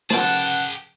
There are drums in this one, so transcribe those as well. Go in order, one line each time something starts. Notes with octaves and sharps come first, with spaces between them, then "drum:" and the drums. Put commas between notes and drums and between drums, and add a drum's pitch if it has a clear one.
C#3 G#4 B4 F#5 G5 A5, drum: snare